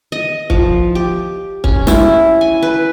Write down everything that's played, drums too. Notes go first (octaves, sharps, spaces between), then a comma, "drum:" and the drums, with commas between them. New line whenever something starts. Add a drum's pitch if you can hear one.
D#5
F3, drum: kick
G4
C#4, drum: kick
E4, drum: snare
G#5
B4